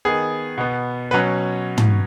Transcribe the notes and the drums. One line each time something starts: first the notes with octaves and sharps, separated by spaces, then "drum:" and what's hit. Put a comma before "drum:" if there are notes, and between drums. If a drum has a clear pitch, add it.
D#3 B3 G#4
B2 B3
B2 F#3 C#4 B4
drum: tom